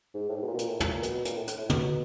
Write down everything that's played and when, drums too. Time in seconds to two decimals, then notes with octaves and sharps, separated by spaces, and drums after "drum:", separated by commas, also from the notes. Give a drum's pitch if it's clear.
0.14 G#2
0.29 A2
0.36 G#2
0.42 B2
0.47 A#2
0.54 B2
0.59 A#2, drum: hi-hat
0.69 A2
0.80 A#2, drum: tom
1.03 B2, drum: hi-hat
1.25 A#2, drum: hi-hat
1.36 A2
1.47 A2, drum: hi-hat
1.58 A2
1.70 B2, drum: tom